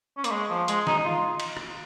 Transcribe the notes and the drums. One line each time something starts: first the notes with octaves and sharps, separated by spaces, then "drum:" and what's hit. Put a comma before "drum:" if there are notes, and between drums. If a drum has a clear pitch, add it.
C#4
A#3, drum: hi-hat
G#3
F3
G#3, drum: hi-hat
D#4, drum: snare
D#4
F4
drum: cymbal
drum: rim click